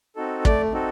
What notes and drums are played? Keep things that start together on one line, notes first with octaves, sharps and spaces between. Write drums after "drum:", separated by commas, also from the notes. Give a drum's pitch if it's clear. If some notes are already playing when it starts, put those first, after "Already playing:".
C4 D#4 F#4 A4
A3 D5, drum: kick
C4 D#4 F#4 A4